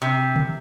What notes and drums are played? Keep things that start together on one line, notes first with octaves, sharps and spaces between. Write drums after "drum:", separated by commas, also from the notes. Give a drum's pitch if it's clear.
C3
drum: tom C#3